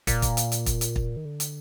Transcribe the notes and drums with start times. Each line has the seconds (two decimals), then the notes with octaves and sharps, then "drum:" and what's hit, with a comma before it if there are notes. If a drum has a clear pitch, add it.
0.07 A#2, drum: kick, hi-hat
0.22 drum: kick, hi-hat
0.37 drum: hi-hat
0.52 drum: hi-hat
0.66 drum: kick, hi-hat
0.81 drum: hi-hat
0.96 drum: kick
1.17 D#3
1.25 D3
1.40 drum: hi-hat